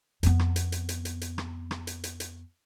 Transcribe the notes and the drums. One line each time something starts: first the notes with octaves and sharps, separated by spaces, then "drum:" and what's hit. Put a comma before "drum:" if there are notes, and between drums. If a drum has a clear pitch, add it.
F2 B3, drum: hi-hat
drum: rim click
drum: hi-hat
drum: hi-hat
drum: hi-hat
drum: hi-hat
drum: hi-hat
drum: rim click
drum: rim click
drum: hi-hat
drum: hi-hat
drum: hi-hat